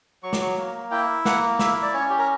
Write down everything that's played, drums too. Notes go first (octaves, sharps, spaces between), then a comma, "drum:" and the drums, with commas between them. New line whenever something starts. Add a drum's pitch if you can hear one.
F#3 C#6
D6, drum: snare
C#6
A#3
E4 G5
A#3 F#5, drum: snare
E4 E5, drum: snare
D5
C#4 C#5
G4
A#4